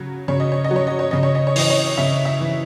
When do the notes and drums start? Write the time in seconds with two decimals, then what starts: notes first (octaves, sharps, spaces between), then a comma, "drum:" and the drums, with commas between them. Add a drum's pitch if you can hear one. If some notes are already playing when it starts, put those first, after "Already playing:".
Already playing: C#3 F#3
0.28 C#3 C#5
0.40 D#5
0.52 C#5
0.64 D#5
0.71 F#3
0.76 C#5
0.87 D#5
0.99 C#5
1.11 C#3 D#5
1.23 C#5
1.35 D#5
1.47 C#5
1.56 E3 D#5, drum: open hi-hat
1.70 C#5
1.98 C#3 E5
2.25 E5
2.40 E3